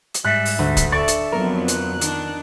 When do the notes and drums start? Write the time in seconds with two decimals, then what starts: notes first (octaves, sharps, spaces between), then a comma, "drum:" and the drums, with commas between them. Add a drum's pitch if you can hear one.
0.14 drum: hi-hat
0.24 G#2 G3 E5 F#6
0.45 drum: open hi-hat
0.59 D2
0.77 drum: kick, hi-hat
0.92 A4 D5 E5 C#6
1.08 drum: hi-hat
1.32 F2 F#3 B3 A#4
1.68 F#6, drum: hi-hat
2.01 D#3 D4, drum: hi-hat